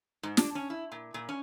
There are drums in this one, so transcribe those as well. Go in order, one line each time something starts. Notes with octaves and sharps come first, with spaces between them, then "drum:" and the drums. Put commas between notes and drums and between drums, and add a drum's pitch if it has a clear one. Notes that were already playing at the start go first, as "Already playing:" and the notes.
G#2
D4, drum: snare
C#4
E4
A#2
A#2
C#4